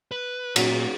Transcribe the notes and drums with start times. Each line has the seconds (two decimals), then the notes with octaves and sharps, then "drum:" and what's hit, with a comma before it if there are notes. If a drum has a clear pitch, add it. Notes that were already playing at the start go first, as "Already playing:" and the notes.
0.12 B4
0.56 A#2 F#3 F#4, drum: cymbal